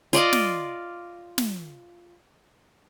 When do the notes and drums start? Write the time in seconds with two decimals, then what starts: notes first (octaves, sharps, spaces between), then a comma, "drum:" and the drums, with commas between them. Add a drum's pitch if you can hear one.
0.13 F4 D5 D#5 F5, drum: hi-hat
0.33 drum: snare
1.38 drum: snare